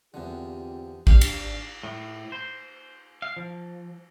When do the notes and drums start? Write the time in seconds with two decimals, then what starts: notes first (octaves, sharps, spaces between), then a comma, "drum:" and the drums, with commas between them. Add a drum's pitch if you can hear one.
0.14 E2 D3 C4 F4 G4
1.07 G#1 D4 G4 F5, drum: kick A#1
1.21 drum: cymbal
1.84 A2
2.32 C5
3.22 F5
3.37 F3